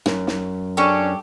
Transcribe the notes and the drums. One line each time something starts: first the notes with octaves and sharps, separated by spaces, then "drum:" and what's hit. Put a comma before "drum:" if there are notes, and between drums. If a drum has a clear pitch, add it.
F#2, drum: snare
drum: snare
C#4 D4 G4 A4 C#6